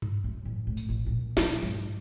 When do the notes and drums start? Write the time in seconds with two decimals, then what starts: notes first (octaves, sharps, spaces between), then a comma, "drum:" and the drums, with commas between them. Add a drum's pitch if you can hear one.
0.02 drum: tom G2
0.24 F#2
0.45 A1
0.67 A2
0.77 drum: tambourine
0.89 A1
1.06 A#2
1.37 F#3, drum: snare
1.62 G#1